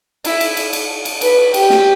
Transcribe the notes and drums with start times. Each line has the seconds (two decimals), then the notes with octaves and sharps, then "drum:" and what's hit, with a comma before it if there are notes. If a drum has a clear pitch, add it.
0.25 E4, drum: cymbal
0.41 drum: cymbal
0.57 drum: cymbal
0.73 drum: cymbal
1.05 drum: cymbal
1.21 B4, drum: cymbal
1.54 G4, drum: cymbal
1.70 drum: snare